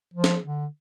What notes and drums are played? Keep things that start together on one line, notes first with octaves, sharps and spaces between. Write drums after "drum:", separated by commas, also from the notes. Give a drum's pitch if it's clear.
F3
drum: snare
D3